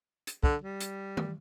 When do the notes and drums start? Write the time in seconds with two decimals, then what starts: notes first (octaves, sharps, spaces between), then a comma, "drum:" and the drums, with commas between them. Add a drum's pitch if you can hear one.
0.27 drum: hi-hat
0.43 D3, drum: kick
0.62 G3
0.80 drum: hi-hat
1.17 drum: tom